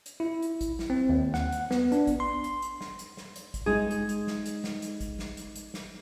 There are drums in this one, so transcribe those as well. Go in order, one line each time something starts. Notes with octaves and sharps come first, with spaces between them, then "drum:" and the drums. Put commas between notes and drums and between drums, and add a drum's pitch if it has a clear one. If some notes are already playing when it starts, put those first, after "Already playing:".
drum: hi-hat
E4
drum: hi-hat
drum: kick G#1, hi-hat
drum: snare
C4
D#2
F#5, drum: snare
drum: hi-hat
B3, drum: snare
D4, drum: hi-hat
drum: kick G#1, hi-hat
C6
drum: hi-hat
drum: hi-hat
drum: snare
drum: hi-hat
drum: snare
drum: hi-hat
drum: kick G#1, hi-hat
G#3 D#4 G#4
drum: hi-hat
drum: hi-hat
drum: snare
drum: hi-hat
drum: snare
drum: hi-hat
drum: kick G#1, hi-hat
drum: snare
drum: hi-hat
drum: hi-hat
drum: snare